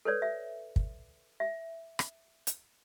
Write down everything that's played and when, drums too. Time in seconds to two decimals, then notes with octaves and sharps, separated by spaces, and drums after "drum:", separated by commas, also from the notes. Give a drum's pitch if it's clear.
0.05 A4 B4 C#5 D5
0.22 E5
0.76 drum: kick
1.40 E5
1.99 drum: rim click
2.47 drum: hi-hat